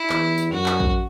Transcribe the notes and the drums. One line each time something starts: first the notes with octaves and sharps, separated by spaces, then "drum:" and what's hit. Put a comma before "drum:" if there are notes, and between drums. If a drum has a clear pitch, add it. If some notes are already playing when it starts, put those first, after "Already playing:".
Already playing: E4
E2, drum: clap
drum: tambourine
F#2 F#4
drum: clap
drum: kick A1